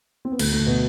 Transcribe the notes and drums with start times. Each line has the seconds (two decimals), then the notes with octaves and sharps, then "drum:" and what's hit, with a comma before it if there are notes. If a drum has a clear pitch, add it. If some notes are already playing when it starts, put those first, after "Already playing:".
0.25 C4
0.32 B3
0.39 D2 A3, drum: cymbal
0.53 A3
0.59 D2
0.66 B2 B3